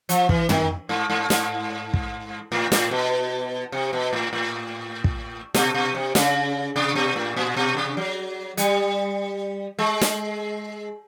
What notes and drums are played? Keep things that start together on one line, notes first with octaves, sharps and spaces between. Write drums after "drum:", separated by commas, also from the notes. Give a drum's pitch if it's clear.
F3, drum: hi-hat
E3, drum: kick
D#3, drum: tom
G#2
G#2
G#2, drum: snare
drum: kick
A2
A2, drum: snare
B2
C3
B2
A2
A2
drum: kick
B2, drum: snare
B2
C3
C#3, drum: snare
C3
B2
A2
A#2
B2
C3
F#3
G3, drum: hi-hat
G#3
drum: snare